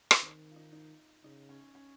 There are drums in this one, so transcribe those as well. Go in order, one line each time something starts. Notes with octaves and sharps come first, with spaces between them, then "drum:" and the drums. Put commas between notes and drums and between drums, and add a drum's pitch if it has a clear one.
drum: rim click
D#3 C4
F4
D#4
D#4
C#3 D#4
C#4
C#4